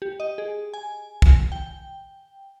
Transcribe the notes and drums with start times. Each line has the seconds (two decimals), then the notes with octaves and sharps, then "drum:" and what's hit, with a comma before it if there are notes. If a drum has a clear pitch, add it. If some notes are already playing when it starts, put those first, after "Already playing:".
0.02 G4
0.20 D#5
0.38 G#4
0.74 G#5
1.22 drum: kick
1.52 G5